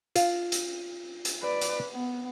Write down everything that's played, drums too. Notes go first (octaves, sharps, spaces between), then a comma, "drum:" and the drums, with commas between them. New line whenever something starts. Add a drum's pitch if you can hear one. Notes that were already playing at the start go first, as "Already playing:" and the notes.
F4, drum: hi-hat
drum: hi-hat
drum: hi-hat
B4 D5
drum: hi-hat
B3